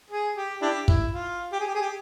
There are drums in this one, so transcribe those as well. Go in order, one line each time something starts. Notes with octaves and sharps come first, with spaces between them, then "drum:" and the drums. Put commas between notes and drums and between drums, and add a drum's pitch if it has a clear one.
G#4
G4
D4 E4 G4
E4, drum: kick
F4
G4
G#4
G4
G#4
G4